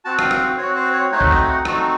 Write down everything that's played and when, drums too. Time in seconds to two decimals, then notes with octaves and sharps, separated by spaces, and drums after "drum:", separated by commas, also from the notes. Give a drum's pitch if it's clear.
0.05 C4 F#4 A5
0.19 F5, drum: rim click
0.31 F5, drum: rim click
0.58 C4 F#4 C#5
0.76 C5
0.93 C#5
1.11 A3 C4 D#4 F#4 C#5
1.21 drum: kick C#2
1.30 D#5
1.47 F#5
1.65 A3 C4 D#4 F#4 A5, drum: rim click